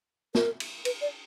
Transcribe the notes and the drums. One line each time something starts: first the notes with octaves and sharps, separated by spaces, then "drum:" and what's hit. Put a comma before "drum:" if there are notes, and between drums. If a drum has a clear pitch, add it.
A#4, drum: snare
drum: cymbal
B4, drum: cymbal
D5